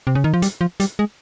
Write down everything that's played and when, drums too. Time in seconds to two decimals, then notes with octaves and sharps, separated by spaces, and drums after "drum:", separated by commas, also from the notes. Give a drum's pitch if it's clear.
0.07 C3
0.15 C#3
0.24 D#3
0.34 F3
0.42 G3, drum: hi-hat
0.61 F3
0.80 G3, drum: hi-hat
0.99 G#3